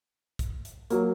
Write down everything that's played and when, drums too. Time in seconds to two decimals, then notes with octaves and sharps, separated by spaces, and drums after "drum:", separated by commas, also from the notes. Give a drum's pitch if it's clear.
0.39 drum: kick B1, hi-hat
0.65 drum: hi-hat
0.90 F#3 A#3, drum: hi-hat